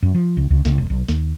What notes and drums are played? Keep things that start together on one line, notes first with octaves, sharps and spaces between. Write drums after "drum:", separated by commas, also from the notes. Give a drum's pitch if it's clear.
F#2
F3
C#2
C#2, drum: kick C#2
C#2, drum: snare
E1
B1
D#2, drum: snare